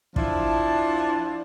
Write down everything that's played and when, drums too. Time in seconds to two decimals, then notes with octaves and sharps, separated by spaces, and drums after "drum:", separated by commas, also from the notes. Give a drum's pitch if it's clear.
0.16 F3 D4 E4, drum: kick